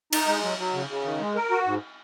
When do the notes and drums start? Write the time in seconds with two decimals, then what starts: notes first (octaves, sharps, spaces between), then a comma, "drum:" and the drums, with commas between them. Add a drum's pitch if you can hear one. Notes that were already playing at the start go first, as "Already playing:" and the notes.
0.13 D#4, drum: cymbal
0.27 G#3
0.43 F#3
0.58 F#3
0.74 C#3
0.89 C#3
1.05 D#3
1.20 G#3
1.35 A#4
1.51 F#4
1.67 G#2